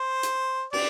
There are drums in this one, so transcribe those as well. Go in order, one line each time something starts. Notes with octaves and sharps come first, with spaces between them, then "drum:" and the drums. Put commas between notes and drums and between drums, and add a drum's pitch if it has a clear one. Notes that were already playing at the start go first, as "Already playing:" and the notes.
Already playing: C5
drum: hi-hat
D5, drum: cymbal